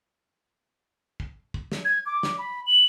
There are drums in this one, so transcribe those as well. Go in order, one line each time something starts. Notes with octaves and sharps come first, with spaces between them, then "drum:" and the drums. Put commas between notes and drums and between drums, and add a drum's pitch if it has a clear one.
drum: kick
drum: kick
drum: snare
G#6
D6
drum: snare
B5
F#7